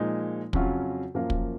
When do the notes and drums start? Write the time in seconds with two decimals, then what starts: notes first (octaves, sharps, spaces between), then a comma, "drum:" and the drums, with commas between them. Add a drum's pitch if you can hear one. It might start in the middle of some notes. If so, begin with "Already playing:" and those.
Already playing: A#2 F3 G#3 D#4
0.53 F2 C#3 F#3 C#4 F4, drum: kick
1.14 F#2 F3 A#3 F4
1.30 drum: kick